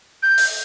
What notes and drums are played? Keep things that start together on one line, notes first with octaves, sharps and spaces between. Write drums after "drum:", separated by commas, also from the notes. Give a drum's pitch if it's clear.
G6
drum: open hi-hat